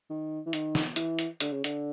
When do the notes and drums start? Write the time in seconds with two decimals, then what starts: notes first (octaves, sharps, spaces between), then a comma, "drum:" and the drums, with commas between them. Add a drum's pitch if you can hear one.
0.10 D#3
0.46 E3
0.53 D#3, drum: hi-hat
0.75 drum: snare
0.96 E3, drum: hi-hat
1.19 drum: hi-hat
1.40 D3, drum: hi-hat
1.52 C#3
1.64 D3, drum: hi-hat